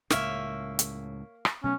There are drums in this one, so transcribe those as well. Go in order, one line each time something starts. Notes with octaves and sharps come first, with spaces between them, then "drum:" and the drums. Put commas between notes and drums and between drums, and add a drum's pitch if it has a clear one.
C#2 A2 C#3 A#3 C#5 E5, drum: snare
drum: hi-hat
drum: rim click
B2 F#3 A3 C#4